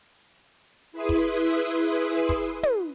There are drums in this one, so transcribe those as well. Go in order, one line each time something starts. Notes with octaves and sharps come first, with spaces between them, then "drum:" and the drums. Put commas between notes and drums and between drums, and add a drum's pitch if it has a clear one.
E4 G#4 B4 E5 C6 D#6
drum: kick
drum: kick
drum: tom